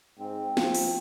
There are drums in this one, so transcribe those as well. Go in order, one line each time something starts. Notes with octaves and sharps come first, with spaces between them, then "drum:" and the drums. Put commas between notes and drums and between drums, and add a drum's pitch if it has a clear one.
G#2 C4
F3, drum: snare
drum: open hi-hat